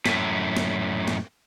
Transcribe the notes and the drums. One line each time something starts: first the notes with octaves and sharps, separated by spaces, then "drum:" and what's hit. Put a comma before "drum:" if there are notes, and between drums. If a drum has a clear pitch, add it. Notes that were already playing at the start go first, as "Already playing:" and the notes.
F#2 A2, drum: snare
drum: snare
drum: snare